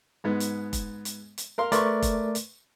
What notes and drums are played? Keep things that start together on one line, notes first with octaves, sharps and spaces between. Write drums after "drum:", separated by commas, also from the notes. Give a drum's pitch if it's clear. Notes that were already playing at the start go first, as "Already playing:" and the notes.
G#2 G#3 B3
drum: hi-hat
drum: kick F1, hi-hat
drum: hi-hat
drum: hi-hat
A#4 F5 C6
A3 A#4 B4 D5 C6 C#6, drum: hi-hat
drum: kick F1, hi-hat
drum: hi-hat